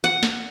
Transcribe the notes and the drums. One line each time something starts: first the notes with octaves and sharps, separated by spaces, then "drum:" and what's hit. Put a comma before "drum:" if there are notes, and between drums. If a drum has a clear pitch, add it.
F#5
drum: snare